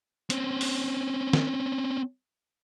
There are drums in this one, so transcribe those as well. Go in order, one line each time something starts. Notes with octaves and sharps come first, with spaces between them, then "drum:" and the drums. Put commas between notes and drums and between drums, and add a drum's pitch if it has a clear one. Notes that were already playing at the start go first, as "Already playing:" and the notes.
C4 C#4, drum: hi-hat
drum: open hi-hat
drum: snare